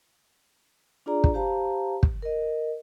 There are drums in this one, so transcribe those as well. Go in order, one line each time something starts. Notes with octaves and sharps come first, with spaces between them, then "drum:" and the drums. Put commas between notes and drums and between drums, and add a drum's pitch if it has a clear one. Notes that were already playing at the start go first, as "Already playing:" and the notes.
D4 F4 G#4 D5 A#5
drum: kick
G4 C5 F5 A5 A#5
drum: kick
A#4 D#5